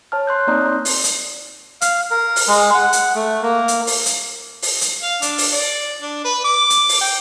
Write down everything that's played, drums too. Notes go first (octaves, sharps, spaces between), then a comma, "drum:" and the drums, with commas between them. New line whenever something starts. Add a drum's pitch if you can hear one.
C#5 A5 F6
C#5 C6 F#6 G6
A#3 C4 D#4 D5 A#5 D#6
C6 G6
drum: open hi-hat
drum: hi-hat
F5, drum: hi-hat
A#4
drum: open hi-hat
G#3
F#5
drum: hi-hat
A3
A#3
drum: hi-hat
drum: open hi-hat
drum: hi-hat
drum: open hi-hat
drum: hi-hat
F5
D4, drum: hi-hat
drum: open hi-hat
D5
D4
B4
D6
drum: hi-hat
drum: open hi-hat
G5